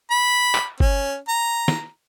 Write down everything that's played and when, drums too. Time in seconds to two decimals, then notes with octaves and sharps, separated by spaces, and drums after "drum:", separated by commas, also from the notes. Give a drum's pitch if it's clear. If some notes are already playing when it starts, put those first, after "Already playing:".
0.11 B5
0.55 drum: clap
0.80 C#4, drum: kick G1
1.28 A#5
1.68 drum: snare